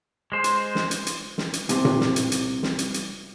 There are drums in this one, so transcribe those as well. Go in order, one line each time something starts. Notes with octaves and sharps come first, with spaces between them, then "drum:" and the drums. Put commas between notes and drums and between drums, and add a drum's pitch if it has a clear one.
G#3 C5
drum: hi-hat
drum: snare
drum: hi-hat
drum: hi-hat
drum: snare
drum: hi-hat
C2 C3, drum: hi-hat
drum: tom A#2
drum: snare
drum: hi-hat
drum: hi-hat
drum: snare
drum: hi-hat
drum: hi-hat